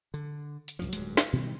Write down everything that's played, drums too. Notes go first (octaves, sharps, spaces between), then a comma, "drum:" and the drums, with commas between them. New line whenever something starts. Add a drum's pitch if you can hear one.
D3
drum: hi-hat
C2 F#2 F3
D1 G2 F#3 G#3, drum: hi-hat
drum: snare
B2 D#3 G3